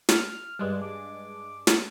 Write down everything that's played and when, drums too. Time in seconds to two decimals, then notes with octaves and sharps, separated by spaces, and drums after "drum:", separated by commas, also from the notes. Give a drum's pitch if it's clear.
0.09 F6, drum: snare
0.59 G2 G3 G#3 D4
0.82 D6
1.67 drum: snare